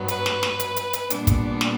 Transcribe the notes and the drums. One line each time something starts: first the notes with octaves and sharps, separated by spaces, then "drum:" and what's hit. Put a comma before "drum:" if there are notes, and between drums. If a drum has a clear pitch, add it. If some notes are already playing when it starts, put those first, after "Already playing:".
Already playing: G2 F#3 B3
B4, drum: hi-hat
drum: snare
drum: snare
drum: hi-hat
drum: hi-hat
drum: hi-hat
A#2 G3 B3 D4, drum: hi-hat
drum: kick, hi-hat
drum: snare